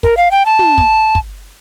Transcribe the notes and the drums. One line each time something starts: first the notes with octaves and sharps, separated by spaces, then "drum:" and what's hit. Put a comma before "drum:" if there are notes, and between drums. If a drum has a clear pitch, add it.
A#4, drum: kick
F5
G5
A5
drum: tom
drum: kick
drum: kick